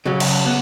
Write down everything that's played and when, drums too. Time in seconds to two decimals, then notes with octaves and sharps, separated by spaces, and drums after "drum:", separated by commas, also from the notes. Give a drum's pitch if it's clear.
0.05 C#3 F#3 C#4
0.20 drum: cymbal
0.46 B3